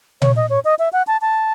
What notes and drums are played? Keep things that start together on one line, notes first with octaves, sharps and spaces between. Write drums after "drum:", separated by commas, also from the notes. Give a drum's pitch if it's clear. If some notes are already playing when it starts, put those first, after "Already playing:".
C#5, drum: tom A#2
D#5
C#5
D#5
E5
F#5
A5
A5